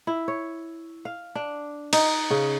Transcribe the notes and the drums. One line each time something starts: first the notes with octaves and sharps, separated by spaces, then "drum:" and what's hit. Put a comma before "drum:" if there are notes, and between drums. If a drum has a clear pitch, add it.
E4
C#5
F5
D4
D#4, drum: cymbal
C#3